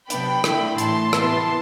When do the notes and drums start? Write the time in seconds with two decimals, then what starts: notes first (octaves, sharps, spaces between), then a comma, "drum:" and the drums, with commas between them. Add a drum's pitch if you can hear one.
0.10 C3 F#3 B3 D4 G5 B5, drum: hi-hat
0.44 D3 A3 E4, drum: rim click
0.78 A2 E3 A3 A5 C6, drum: hi-hat
1.13 C3 E3 B3 E4, drum: rim click